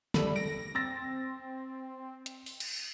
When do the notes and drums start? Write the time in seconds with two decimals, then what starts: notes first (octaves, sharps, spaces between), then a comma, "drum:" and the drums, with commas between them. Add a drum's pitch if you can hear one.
0.14 C2 A4 B5, drum: snare
0.36 A#6 D7
0.75 C4 E6 A6 A#6
2.26 drum: hi-hat
2.46 drum: open hi-hat
2.60 drum: cymbal